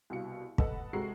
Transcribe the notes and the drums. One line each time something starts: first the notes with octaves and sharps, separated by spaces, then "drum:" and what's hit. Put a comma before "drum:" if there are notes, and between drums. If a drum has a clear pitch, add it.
C2 B2 F5 C#7
A4 B4 D#5 F#5 A5 B5, drum: kick
C3 G#3 F#4 A4 A#5 C7